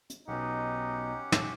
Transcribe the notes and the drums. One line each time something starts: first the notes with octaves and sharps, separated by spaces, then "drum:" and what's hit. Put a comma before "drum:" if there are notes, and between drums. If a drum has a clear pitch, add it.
drum: hi-hat
B1 B2 C#4 D#4 G4 F#5
drum: snare